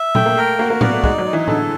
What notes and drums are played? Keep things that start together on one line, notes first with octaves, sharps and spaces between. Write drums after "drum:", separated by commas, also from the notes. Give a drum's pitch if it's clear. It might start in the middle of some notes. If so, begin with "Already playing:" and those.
Already playing: E5
A3 G5, drum: tom A#2
A#3
A3 A#4
A#3 F#4
A#3
B3 D5, drum: tom A2
A3
G#3 D#4, drum: kick
F#3
D#4
E3
D3 A4, drum: tom A2